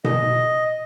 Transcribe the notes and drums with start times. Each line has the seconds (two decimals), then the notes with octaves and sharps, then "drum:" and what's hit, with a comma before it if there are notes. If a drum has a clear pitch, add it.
0.04 D#5, drum: tom B2